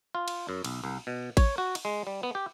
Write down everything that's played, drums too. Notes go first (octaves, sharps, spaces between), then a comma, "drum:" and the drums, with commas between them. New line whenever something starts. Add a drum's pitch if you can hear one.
F4
drum: cymbal
F#2
B1, drum: cymbal
C2
B2
C#5, drum: kick A1, cymbal
F#4
drum: cymbal
G#3
G3
B3
G4